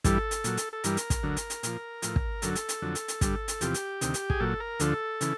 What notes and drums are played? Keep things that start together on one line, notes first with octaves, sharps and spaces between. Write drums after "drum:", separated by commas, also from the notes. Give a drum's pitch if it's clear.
G2 E3 G3 A4, drum: kick, hi-hat
drum: hi-hat
A#2 F#3, drum: hi-hat
drum: hi-hat
A4
G2 E3 G3 A#4, drum: hi-hat
drum: hi-hat
drum: kick, hi-hat
D2 D3 F#3
drum: hi-hat
drum: hi-hat
A#2 F3, drum: hi-hat
A2 F3, drum: hi-hat
drum: kick
F#2 D3 F#3 A4, drum: hi-hat
drum: hi-hat
drum: hi-hat
F2 D3 F#3
drum: hi-hat
drum: hi-hat
G2 D3 G3, drum: kick, hi-hat
drum: hi-hat
E2 C3 F3 G4, drum: hi-hat
drum: hi-hat
D2 C3 D#3, drum: hi-hat
drum: hi-hat
G#4, drum: kick
A#2 F#3 A4
A#4
D2 D3 F3 A4, drum: hi-hat
C#3 E3, drum: hi-hat